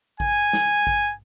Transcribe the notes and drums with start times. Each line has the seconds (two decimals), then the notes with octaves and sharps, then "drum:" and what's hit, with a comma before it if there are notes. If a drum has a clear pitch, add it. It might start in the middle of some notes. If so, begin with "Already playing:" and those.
0.20 G#5, drum: kick A1
0.53 drum: snare
0.87 drum: kick A1